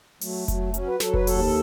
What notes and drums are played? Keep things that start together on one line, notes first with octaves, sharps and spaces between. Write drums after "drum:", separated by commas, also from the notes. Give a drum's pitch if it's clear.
F#3 A3, drum: open hi-hat
F#3, drum: kick F1, hi-hat
F#3 C#4, drum: hi-hat
B4
F#3 A4, drum: snare
B4, drum: kick F1
D#2 A4, drum: open hi-hat